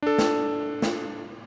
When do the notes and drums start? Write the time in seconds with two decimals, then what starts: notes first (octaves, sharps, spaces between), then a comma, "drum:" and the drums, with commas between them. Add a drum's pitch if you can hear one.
0.02 D4 A4
0.18 drum: snare
0.82 drum: snare